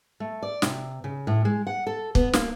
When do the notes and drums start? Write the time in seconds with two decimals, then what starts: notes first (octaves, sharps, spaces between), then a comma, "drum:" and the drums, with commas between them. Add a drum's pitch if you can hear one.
0.20 A3
0.43 D5
0.62 C3, drum: snare
1.04 C#3
1.27 A2
1.45 G#3
1.67 F#5
1.87 A4
2.15 B3, drum: kick
2.33 A#3, drum: snare